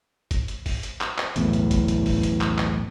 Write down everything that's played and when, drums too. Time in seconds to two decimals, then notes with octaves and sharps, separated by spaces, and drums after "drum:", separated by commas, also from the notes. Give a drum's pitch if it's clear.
0.31 drum: kick, hi-hat
0.48 drum: hi-hat
0.66 drum: kick, open hi-hat
0.83 drum: hi-hat
1.01 drum: clap
1.18 drum: clap
1.36 B1 E2 A2, drum: hi-hat
1.53 drum: hi-hat
1.71 drum: kick, hi-hat
1.88 drum: hi-hat
2.06 drum: kick, open hi-hat
2.23 drum: hi-hat
2.41 drum: clap
2.58 drum: clap